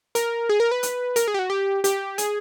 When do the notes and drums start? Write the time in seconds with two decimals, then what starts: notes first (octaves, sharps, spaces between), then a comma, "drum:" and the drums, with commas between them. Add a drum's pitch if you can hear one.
0.15 A#4, drum: hi-hat
0.49 G#4
0.60 A#4
0.71 B4
0.83 drum: hi-hat
1.16 A#4, drum: hi-hat
1.28 G#4
1.34 G4
1.39 F#4
1.50 G4
1.84 G4, drum: hi-hat
2.18 G#4, drum: hi-hat